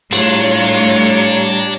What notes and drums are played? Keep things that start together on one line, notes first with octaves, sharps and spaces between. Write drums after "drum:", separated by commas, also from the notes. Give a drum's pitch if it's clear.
A2 G3 D4 F4 C#5 A#5, drum: cymbal